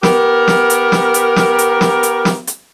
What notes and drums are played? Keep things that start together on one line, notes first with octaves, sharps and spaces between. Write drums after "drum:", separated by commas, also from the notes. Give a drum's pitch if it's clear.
B3 G4 A#4, drum: snare
drum: snare
drum: hi-hat
drum: snare
drum: hi-hat
drum: snare
drum: hi-hat
drum: snare
drum: hi-hat
drum: snare
drum: hi-hat